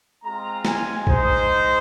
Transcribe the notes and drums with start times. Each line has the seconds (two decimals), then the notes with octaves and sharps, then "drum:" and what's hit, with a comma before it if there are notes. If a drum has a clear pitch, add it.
0.23 G#3 C4 F4 A#5
0.65 G#5, drum: snare
1.07 G#3 D#4 C5, drum: kick A#1